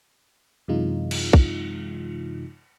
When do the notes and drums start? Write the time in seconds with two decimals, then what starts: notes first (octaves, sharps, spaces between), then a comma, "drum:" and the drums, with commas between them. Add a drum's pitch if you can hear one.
0.68 F#2 C3 E3 G#3 D#4 F4
1.11 drum: cymbal
1.33 drum: kick